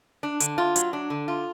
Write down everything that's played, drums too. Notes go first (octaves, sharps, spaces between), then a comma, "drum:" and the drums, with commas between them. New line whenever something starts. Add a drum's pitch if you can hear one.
D4
D3, drum: hi-hat
F4
F#3, drum: hi-hat
D4
D3
F4